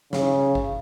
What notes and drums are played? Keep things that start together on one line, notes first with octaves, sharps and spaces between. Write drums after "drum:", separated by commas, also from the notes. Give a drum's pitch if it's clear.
C#3, drum: snare
drum: kick G#1